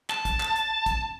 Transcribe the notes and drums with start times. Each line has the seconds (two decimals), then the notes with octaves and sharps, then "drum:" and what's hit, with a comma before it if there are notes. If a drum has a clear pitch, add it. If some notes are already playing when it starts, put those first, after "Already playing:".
0.10 A5, drum: clap
0.25 drum: kick, hi-hat
0.40 drum: clap
0.56 drum: hi-hat
0.86 drum: kick, hi-hat